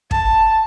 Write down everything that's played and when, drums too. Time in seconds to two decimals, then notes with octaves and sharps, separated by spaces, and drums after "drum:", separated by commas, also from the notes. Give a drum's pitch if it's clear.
0.11 A5, drum: kick